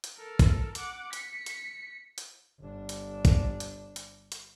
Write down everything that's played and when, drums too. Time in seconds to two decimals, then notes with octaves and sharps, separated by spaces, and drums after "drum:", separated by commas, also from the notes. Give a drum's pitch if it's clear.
0.04 drum: hi-hat
0.16 A4 A#4
0.39 drum: kick, hi-hat
0.75 F#5 D6, drum: hi-hat
1.13 B6 C#7, drum: hi-hat
1.46 drum: hi-hat
2.18 drum: hi-hat
2.61 G1 D4
2.89 drum: hi-hat
3.25 drum: kick, hi-hat
3.60 drum: hi-hat
3.96 drum: hi-hat
4.32 drum: hi-hat